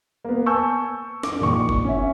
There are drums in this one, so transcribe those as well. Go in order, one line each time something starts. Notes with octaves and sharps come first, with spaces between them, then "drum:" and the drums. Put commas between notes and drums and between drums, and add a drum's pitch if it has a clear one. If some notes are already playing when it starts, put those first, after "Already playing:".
A#3 B3
G#5 A5 C#6 E6 G6
D6, drum: snare
A#1 D#3 C#6
drum: kick F#1
C#4 E5